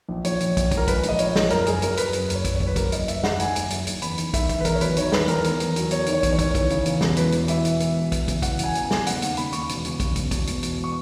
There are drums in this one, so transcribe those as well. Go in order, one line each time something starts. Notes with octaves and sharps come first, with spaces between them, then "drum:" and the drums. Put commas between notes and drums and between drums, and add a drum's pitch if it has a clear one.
A#1
A#1 C#5, drum: hi-hat
A#1, drum: hi-hat
A#1, drum: kick, hi-hat
A#1, drum: kick, hi-hat
A#4
G#3 B4, drum: kick, hi-hat
A#1, drum: hi-hat
D#5
A#1 C#5, drum: hi-hat
A#1, drum: snare
F#1 A#4, drum: hi-hat
A#4
F#1 G#4, drum: hi-hat
F#2 A#4, drum: hi-hat
F#2 B4, drum: hi-hat
F#2 B4, drum: hi-hat
F#1 C#5, drum: hi-hat
F#2, drum: kick, hi-hat
C#5
F#1, drum: kick
B4
F#2 A#4, drum: kick, hi-hat
F#1 D#5, drum: hi-hat
F#1 E5, drum: hi-hat
F#1 F#5, drum: snare
D#3 G#5, drum: hi-hat
F#1, drum: hi-hat
F#2, drum: hi-hat
F#1, drum: hi-hat
E2 B5, drum: hi-hat
D#3, drum: hi-hat
D#3 E5, drum: kick, hi-hat
E2, drum: kick, hi-hat
B4
E2 A#4, drum: kick, hi-hat
C#5
F#3 B4, drum: hi-hat
D#3 C#5, drum: hi-hat
E2 B4, drum: snare
E2 A#4, drum: hi-hat
E2, drum: hi-hat
E2, drum: hi-hat
F#3, drum: hi-hat
E2 C#5, drum: hi-hat
D#3, drum: hi-hat
C#5
E2, drum: kick, hi-hat
C#5
D#3, drum: kick, hi-hat
E3, drum: kick, hi-hat
C#3, drum: hi-hat
E2, drum: hi-hat
E1, drum: snare
E3 B4, drum: hi-hat
E1, drum: hi-hat
E3 E5, drum: hi-hat
E1, drum: hi-hat
E3, drum: hi-hat
E1
E2, drum: kick, hi-hat
C#3, drum: kick, hi-hat
E3 F#5, drum: kick, hi-hat
E1 G#5, drum: hi-hat
E2, drum: hi-hat
G#5
E1, drum: snare
C#3 F#5, drum: hi-hat
D#2, drum: hi-hat
D#2 B5, drum: hi-hat
D#2 C#6, drum: hi-hat
E1, drum: hi-hat
C#3, drum: hi-hat
E1, drum: kick, hi-hat
E1, drum: kick, hi-hat
E1, drum: kick, hi-hat
E1, drum: hi-hat
E1, drum: hi-hat
C#6